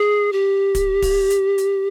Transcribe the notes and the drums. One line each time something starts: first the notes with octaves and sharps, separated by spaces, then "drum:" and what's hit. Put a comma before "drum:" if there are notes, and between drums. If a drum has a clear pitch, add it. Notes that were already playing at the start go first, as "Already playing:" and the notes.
Already playing: G#4
G4
drum: kick, hi-hat
drum: kick, open hi-hat
drum: hi-hat
drum: hi-hat